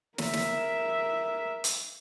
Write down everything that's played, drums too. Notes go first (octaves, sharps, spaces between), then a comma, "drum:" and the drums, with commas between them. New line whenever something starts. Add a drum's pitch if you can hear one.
A#4 E5, drum: snare
drum: snare
drum: hi-hat